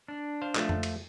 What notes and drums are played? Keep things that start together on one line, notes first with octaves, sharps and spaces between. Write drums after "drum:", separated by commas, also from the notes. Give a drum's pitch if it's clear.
D4
C5 F5
F3 A3 F4, drum: clap
drum: tom F2
drum: cymbal